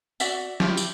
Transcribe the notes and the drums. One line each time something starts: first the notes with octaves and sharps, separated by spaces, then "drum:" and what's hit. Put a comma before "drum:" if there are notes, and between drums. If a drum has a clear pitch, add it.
F#4 D5 E5 F#5, drum: tambourine
E4 F4 G4, drum: snare
drum: tambourine